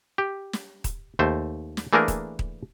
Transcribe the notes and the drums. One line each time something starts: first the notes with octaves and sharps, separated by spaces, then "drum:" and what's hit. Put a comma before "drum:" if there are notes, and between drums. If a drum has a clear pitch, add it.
G4
drum: snare
drum: kick D#1, hi-hat
D#2 A3 C5
drum: snare
E3 A3 A#3 D4 G#4 A#4
drum: kick D#1, hi-hat
drum: kick D#1